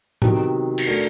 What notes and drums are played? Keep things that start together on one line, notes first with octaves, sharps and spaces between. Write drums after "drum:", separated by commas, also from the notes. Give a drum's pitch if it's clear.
C3 D#3 F#3 B3, drum: tom A2
drum: cymbal
A3 D4 F#4 A#4